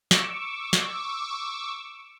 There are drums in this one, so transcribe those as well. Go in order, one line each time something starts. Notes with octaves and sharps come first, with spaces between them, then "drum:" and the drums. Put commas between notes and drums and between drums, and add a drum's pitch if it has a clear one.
C#6 D6 E6, drum: snare
drum: snare